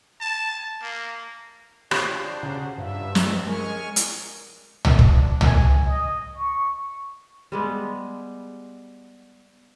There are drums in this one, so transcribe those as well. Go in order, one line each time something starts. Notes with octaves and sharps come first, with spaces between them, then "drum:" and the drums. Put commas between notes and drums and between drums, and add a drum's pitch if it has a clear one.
A5
A#3
F3 D4 G4 G#4 C5 C#5, drum: rim click
C#3 F#4 A#5
G2 E3 F3 E5
C#2, drum: snare
G#3 C#4 A#4 G#5 C#6 F6
drum: hi-hat
drum: tom
drum: kick
D4
G#5, drum: tom
D#5
C#6
G3 G#3 B3